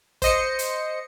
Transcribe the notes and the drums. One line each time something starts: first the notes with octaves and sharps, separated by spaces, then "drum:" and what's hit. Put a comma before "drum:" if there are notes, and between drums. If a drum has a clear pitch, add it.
C5 D#5 C#7, drum: kick, hi-hat
drum: hi-hat